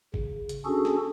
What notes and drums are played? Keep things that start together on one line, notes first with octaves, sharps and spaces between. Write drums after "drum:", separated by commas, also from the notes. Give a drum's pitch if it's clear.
C#3, drum: kick
drum: hi-hat
C#4 D4 F#4 G#4 A4
drum: snare